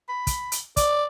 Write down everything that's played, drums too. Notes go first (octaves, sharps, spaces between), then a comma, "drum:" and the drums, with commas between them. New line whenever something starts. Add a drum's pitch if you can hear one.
B5
drum: kick, hi-hat
drum: hi-hat
D5, drum: kick, hi-hat